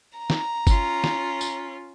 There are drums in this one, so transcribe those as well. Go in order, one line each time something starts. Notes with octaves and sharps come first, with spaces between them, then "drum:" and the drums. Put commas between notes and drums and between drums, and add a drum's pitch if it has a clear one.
A#5
drum: snare
C#4 F4, drum: kick G1, tambourine
drum: snare
drum: tambourine